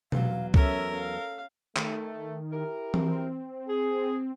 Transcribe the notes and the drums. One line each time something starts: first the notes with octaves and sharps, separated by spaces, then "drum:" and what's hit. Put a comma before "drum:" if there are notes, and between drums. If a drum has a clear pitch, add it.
E2 F#3 F5, drum: tom B2
C#4 A4 A#4 E5, drum: kick C2
F5
D#3 A3, drum: clap
E4 G4 A#4
C4, drum: tom E3
G#4